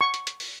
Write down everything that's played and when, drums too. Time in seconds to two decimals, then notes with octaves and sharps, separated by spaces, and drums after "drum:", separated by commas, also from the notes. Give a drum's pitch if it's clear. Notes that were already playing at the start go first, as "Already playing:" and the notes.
0.01 C#6
0.14 drum: hi-hat
0.27 drum: hi-hat
0.40 drum: open hi-hat